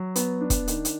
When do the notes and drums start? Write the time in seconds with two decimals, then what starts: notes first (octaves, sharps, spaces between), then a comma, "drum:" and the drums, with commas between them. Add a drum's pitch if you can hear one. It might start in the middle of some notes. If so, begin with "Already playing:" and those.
Already playing: F#3
0.16 B3, drum: hi-hat
0.41 D4
0.50 drum: kick, hi-hat
0.68 D#3, drum: hi-hat
0.85 drum: hi-hat